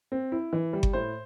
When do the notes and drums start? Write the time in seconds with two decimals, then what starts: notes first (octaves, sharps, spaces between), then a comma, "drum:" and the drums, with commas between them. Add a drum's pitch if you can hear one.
0.12 C4
0.32 E4
0.53 E3
0.73 G3
0.83 drum: kick G1
0.93 A2 C5